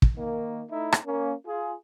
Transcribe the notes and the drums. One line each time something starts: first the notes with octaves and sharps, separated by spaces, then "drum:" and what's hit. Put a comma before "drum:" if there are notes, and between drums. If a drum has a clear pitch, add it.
drum: kick
D#3 A#3
A3 D#4 E4
drum: rim click
A#3 C#4
F4 G#4